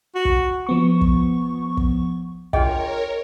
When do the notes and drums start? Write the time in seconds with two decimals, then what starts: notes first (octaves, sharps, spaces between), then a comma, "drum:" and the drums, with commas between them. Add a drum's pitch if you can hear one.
0.15 F#4
0.25 drum: kick
0.67 F3 B3 C#6
1.01 drum: kick
1.77 drum: kick
2.53 D4 F4 G#4 A#4 C#5 D#5 G5, drum: kick